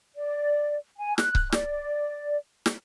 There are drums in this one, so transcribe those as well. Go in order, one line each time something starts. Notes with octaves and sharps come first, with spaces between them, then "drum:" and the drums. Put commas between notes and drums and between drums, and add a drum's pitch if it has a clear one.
D5
G#5
F#6, drum: snare
drum: kick C#1
D5, drum: snare
drum: snare